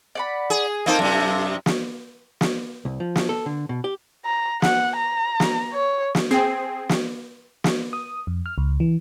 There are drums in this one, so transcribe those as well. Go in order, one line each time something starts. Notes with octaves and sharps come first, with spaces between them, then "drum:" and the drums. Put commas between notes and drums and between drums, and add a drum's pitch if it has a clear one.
D5 F#5 B5
G#4
A#3 C4 D#4 F4 A4 C5
F#2 C3
drum: snare
drum: snare
C2
F3
drum: snare
A4
D3
B2
G4
A#5
F#5, drum: snare
A#5
drum: snare
C#5
drum: snare
C4 G#4 G5 C7
drum: snare
drum: snare
D#6
F2
F6
C#2
E3